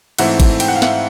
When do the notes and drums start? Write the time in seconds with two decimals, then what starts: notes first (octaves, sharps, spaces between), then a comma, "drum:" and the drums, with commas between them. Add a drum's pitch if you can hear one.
0.18 G#2 E3 A3 C4 E4 E5 F#5, drum: cymbal
0.40 drum: kick G#1, cymbal
0.60 G5, drum: cymbal
0.68 F#5
0.75 F5
0.82 E5 F#5, drum: snare